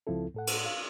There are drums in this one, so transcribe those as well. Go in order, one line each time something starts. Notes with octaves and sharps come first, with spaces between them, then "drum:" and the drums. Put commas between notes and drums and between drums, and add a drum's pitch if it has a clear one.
C#2 F3 C4 E4 A4
A2 A4 F#5
drum: cymbal
F5